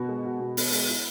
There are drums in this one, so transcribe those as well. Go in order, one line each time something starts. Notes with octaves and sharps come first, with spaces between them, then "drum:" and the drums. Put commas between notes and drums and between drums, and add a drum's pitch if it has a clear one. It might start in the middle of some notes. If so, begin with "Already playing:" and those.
Already playing: B2 B3 F#4
G#3
F#4
B2
B3, drum: open hi-hat
G#3, drum: open hi-hat
E4